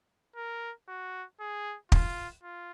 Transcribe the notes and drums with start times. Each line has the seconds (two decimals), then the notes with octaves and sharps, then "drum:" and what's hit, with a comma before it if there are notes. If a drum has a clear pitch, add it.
0.36 A#4
0.88 F#4
1.40 G#4
1.92 F4, drum: kick
2.43 F4